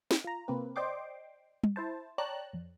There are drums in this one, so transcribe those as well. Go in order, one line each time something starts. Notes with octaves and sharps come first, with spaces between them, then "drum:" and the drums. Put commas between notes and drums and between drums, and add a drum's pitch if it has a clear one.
drum: snare
F4 A#5
C3 A#3 C4 B4
C5 D5 D#5 G5 C6 D6
drum: tom G3
E4 C5 A5
C#5 D5 G5 A5 A#5 F#6
F2